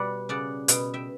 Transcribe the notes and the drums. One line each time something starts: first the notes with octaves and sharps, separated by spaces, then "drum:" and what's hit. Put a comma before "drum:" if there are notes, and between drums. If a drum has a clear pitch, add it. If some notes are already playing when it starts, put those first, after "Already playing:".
Already playing: B2 G3 D5 F#5
C#3 D5 F#5
B2 G5, drum: hi-hat
E5 G5